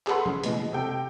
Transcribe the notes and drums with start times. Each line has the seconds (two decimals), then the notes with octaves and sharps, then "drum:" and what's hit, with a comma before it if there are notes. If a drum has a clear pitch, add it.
0.07 G#4 A4 B4 F#5 B5 C6, drum: clap
0.26 C#3, drum: tom
0.44 B2 E3 G#3, drum: hi-hat
0.72 C3 A4 G5